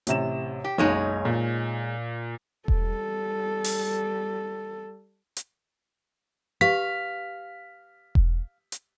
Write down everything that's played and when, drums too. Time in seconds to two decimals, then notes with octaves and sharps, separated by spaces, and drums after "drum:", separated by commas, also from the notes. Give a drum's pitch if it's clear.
0.07 A1 C3 E7, drum: hi-hat
0.64 G4
0.78 F#1 B1 G#3 D#4 C#5
1.25 A#2
2.68 G3 A4, drum: kick E1
3.64 drum: open hi-hat
5.37 drum: hi-hat
6.61 G4 B4 F5 C#6 B6
8.15 drum: kick E1
8.72 drum: hi-hat